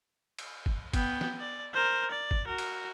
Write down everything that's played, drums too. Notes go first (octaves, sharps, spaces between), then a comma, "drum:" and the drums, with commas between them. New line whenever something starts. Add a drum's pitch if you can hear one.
drum: cymbal
drum: kick
B3 G5, drum: kick, cymbal
drum: snare
D5
A#4 C5
D5
drum: kick
F#4 A#4
drum: cymbal